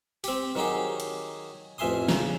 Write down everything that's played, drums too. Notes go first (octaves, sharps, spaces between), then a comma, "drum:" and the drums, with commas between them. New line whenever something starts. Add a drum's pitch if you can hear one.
C4 G4, drum: open hi-hat
D#3 F#3 D#4 G4 G#4
drum: cymbal
A1 F2 E5 G#5 C6 D#6
C#3 A#5, drum: snare